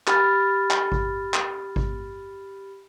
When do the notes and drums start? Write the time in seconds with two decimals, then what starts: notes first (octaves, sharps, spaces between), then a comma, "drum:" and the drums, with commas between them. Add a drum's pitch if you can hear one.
0.07 G4 B5 F6 A6, drum: clap
0.71 drum: clap
0.92 drum: kick G#1
1.34 drum: clap
1.76 drum: kick G#1